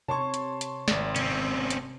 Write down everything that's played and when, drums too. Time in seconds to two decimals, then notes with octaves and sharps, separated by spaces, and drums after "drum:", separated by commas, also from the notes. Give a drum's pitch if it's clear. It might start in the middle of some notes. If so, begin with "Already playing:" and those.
0.08 C3 C#5 A5 C6 C#6
0.34 drum: hi-hat
0.61 drum: hi-hat
0.88 G#1 D5, drum: snare
1.16 C3 C4 C#4, drum: hi-hat
1.70 drum: hi-hat